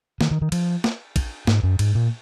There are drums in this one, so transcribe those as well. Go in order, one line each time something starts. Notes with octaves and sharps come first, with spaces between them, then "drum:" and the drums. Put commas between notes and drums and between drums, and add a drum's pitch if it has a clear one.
D#3, drum: snare
D#3
D#3
F3, drum: cymbal
drum: snare
drum: kick, cymbal
G#2, drum: snare
F#2
G#2, drum: cymbal
A#2